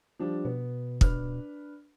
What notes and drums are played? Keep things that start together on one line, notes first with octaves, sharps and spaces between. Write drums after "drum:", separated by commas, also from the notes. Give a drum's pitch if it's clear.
F3 G3 D4
B2 B3
D4 B4 F6, drum: kick